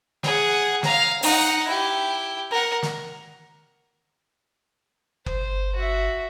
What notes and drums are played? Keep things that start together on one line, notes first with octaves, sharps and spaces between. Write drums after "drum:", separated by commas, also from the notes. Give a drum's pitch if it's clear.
G#4 F#5, drum: snare
F5 A#5, drum: snare
D#4 F#5, drum: open hi-hat
E4 G4
A#4 F#5
drum: snare
G1 C5, drum: kick F#1
F#4 E5